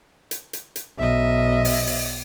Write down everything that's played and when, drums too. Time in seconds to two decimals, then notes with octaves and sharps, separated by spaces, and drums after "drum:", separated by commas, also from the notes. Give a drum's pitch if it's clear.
0.31 drum: hi-hat
0.53 drum: hi-hat
0.76 drum: hi-hat
0.98 B1 D#5 E5
1.65 drum: open hi-hat
1.87 drum: open hi-hat